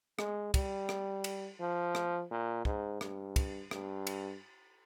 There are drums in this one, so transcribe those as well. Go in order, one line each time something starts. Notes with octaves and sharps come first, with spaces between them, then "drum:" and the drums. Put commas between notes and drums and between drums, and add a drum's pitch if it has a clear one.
G#3, drum: rim click
G3, drum: kick, cymbal
drum: rim click
drum: cymbal
F3
drum: rim click
A#2
G#2, drum: kick
G2, drum: rim click
drum: kick, cymbal
G2, drum: rim click
drum: cymbal